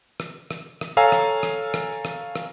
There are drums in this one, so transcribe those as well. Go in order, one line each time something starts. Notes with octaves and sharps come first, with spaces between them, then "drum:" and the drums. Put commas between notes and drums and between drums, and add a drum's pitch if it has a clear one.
drum: rim click
drum: rim click
drum: rim click
A4 C#5 F5 G#5 A#5 E6
drum: rim click
drum: rim click
drum: rim click
drum: rim click
drum: rim click